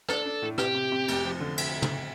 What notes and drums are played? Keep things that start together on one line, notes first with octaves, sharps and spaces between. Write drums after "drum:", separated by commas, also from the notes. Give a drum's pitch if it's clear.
D4 A4, drum: rim click
D4
A2
C3 G4, drum: rim click
C3
C3
F1, drum: cymbal
F3
D3
drum: cymbal
drum: tom